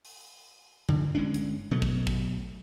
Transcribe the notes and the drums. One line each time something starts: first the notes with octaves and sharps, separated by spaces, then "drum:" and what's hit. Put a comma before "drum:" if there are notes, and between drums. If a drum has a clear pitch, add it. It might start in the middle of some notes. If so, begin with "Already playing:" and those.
drum: open hi-hat
D3, drum: tom G2
G1 G#3 C#4 D4
drum: hi-hat
B2 F#3 A3
drum: kick
drum: kick